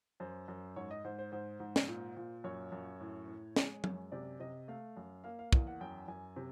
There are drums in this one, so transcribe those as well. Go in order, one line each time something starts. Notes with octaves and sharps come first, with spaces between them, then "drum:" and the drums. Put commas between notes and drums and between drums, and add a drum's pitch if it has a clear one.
F#2 C5
F#2
G#2 C#5
D#5
G#2 C5
C5
G#2 C5
G#2
drum: snare
A#2
A#2
F#2 C#5
F#2
A2
A2
G#3, drum: snare
F#2, drum: tom F#3
C3 D5
C3 D#5
A3 F5
F#2
A#3 F5
F5
E2 F5, drum: kick
F#5
F#2 G5
F#2 G#5
C3